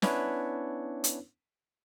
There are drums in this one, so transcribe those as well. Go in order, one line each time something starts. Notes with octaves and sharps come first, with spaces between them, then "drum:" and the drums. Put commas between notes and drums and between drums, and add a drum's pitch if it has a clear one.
B3 C#4 D4 E4 B4 C#5, drum: snare
drum: hi-hat